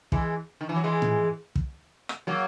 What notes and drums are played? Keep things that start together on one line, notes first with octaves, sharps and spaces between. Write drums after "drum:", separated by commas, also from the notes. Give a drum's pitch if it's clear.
E3 G#3, drum: kick
D#3
E3
F#3
E3 G#3
drum: tom A2
drum: kick
drum: rim click
F#3 A#3